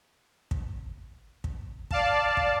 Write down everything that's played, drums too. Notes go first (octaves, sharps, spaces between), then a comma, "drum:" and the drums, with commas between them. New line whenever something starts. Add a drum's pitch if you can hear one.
drum: kick
drum: kick
D5 F5 A5, drum: kick
drum: kick